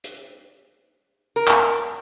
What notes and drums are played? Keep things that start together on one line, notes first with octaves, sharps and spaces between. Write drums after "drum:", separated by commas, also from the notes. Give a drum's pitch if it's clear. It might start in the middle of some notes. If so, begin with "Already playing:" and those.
drum: hi-hat
A#4
drum: clap